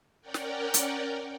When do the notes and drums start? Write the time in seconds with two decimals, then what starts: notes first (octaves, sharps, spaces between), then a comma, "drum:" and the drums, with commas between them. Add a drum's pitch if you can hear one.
0.21 C#4 A#4 D5 F#5 G5
0.34 drum: snare
0.74 drum: hi-hat